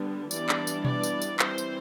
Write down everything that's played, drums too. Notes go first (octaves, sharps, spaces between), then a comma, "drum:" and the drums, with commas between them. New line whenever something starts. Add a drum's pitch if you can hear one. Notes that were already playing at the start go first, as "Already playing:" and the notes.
Already playing: D3 G3 B3 D4
E3 G3 B3 D4 D5, drum: tambourine
drum: clap
drum: tambourine
D5, drum: tom B2
drum: tambourine
drum: tambourine
E3 G3 C4 C5, drum: clap
drum: tambourine